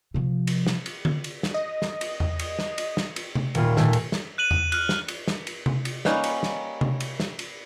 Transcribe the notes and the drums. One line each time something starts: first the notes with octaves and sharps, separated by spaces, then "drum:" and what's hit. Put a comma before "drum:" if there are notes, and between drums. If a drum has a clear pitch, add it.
C3 F3
drum: cymbal
drum: snare
drum: cymbal
drum: tom D3
drum: cymbal
drum: snare
D#5
drum: snare
drum: cymbal
drum: tom E2
drum: cymbal
drum: snare
drum: cymbal
drum: snare
drum: cymbal
drum: tom C3
D#1 A#2 F4, drum: cymbal
A#2 D#3 A3, drum: snare
drum: cymbal
drum: snare
F#6 D#7 F#7
drum: tom E2
F6 F#6, drum: cymbal
drum: snare
drum: cymbal
drum: snare
drum: cymbal
drum: tom C3
drum: cymbal
G3 A#3 C#4 D#4 B4, drum: snare
drum: cymbal
drum: snare
drum: tom C3
drum: cymbal
drum: snare
drum: cymbal